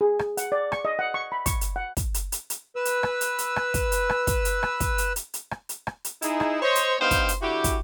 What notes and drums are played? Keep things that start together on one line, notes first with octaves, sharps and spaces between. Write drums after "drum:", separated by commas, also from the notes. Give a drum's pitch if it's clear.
G#4
drum: rim click
F#5, drum: hi-hat
D5
C#6, drum: rim click
D#5
F#5
C#6
B5
C#6, drum: kick, hi-hat
drum: hi-hat
F#5
drum: kick, hi-hat
drum: hi-hat
drum: hi-hat
drum: hi-hat
B4 E6
drum: hi-hat
drum: rim click
drum: hi-hat
drum: hi-hat
drum: rim click
drum: kick, hi-hat
drum: hi-hat
drum: rim click
drum: kick, hi-hat
drum: hi-hat
drum: rim click
drum: kick, hi-hat
drum: hi-hat
drum: hi-hat
drum: hi-hat
drum: rim click
drum: hi-hat
drum: rim click
drum: hi-hat
D#4 E4 G#4, drum: hi-hat
drum: rim click
C5 C#5 D#5
drum: hi-hat
G2 B3 D#4 C5 F5 G5
drum: kick, hi-hat
drum: hi-hat
D3 E4 F#4 G4
drum: kick, hi-hat